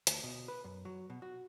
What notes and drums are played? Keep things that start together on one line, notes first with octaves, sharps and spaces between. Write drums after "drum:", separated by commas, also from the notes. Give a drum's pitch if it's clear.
D2, drum: hi-hat
B2
B4
F#2
F#3
B2
F#4